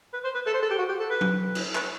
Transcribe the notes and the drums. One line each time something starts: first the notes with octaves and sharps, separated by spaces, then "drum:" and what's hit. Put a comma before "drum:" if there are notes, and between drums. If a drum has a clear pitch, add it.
B4
C5
B4
A4
C5
A4
G4
F#4
G4
A4
B4
drum: tom F#3
drum: cymbal
B4, drum: clap